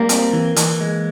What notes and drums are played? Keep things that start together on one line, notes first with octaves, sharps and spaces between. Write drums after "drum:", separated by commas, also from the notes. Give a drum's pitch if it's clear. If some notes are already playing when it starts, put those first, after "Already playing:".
Already playing: G3 A#3
C4, drum: hi-hat
E3
E3, drum: hi-hat
G#3